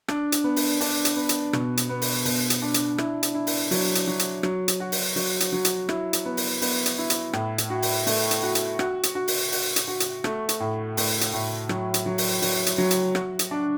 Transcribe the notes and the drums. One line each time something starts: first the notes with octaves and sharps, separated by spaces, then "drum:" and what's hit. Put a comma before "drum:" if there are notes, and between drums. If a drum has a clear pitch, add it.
D4, drum: rim click
drum: hi-hat
B3
drum: open hi-hat
D4, drum: open hi-hat
drum: hi-hat
B3
drum: hi-hat
B2, drum: rim click
drum: hi-hat
B3
drum: open hi-hat
B2, drum: open hi-hat
drum: hi-hat
D4
drum: hi-hat
E4, drum: rim click
drum: hi-hat
E4
drum: open hi-hat
F#3, drum: open hi-hat
drum: hi-hat
F#3
drum: hi-hat
F#3, drum: rim click
drum: hi-hat
F#4
drum: open hi-hat
F#3, drum: open hi-hat
drum: hi-hat
F#3
drum: hi-hat
E4, drum: rim click
drum: hi-hat
B3
drum: open hi-hat
B3, drum: open hi-hat
drum: hi-hat
E4
drum: hi-hat
A2, drum: rim click
drum: hi-hat
F#4
drum: open hi-hat
A3, drum: open hi-hat
drum: hi-hat
F#4
drum: hi-hat
F#4, drum: rim click
drum: hi-hat
F#4
drum: open hi-hat
F#4, drum: open hi-hat
drum: hi-hat
F#4
drum: hi-hat
A3, drum: rim click
drum: hi-hat
A2
A2, drum: open hi-hat
drum: hi-hat
A2
F#3, drum: rim click
drum: hi-hat
F#3
drum: open hi-hat
F#3, drum: open hi-hat
drum: hi-hat
F#3
drum: hi-hat
F#4, drum: rim click
drum: hi-hat
D4